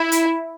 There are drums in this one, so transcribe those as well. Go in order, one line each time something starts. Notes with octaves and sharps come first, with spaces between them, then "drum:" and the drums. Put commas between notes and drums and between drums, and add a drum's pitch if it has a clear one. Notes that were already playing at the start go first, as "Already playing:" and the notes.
Already playing: E4
drum: hi-hat